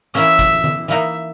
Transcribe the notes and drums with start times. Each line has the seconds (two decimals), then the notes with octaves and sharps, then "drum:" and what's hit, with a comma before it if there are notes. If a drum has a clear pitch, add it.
0.14 E3 A#3 C#4 E5
0.39 drum: kick
0.64 drum: tom D3
0.88 E3 A#3 D#4 E5